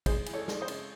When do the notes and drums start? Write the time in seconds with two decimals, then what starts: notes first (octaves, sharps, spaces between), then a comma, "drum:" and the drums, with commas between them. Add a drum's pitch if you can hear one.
0.06 G#3 G#4 C5, drum: kick, cymbal
0.26 E3, drum: cymbal
0.33 A4 C#5
0.48 G#3, drum: snare
0.61 C5 D#5
0.68 C#3, drum: cymbal